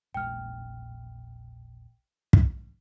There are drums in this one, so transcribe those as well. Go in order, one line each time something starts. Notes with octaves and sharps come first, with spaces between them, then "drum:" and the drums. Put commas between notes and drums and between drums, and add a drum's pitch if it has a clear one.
E1 A#1 G#3 G5 F6
drum: kick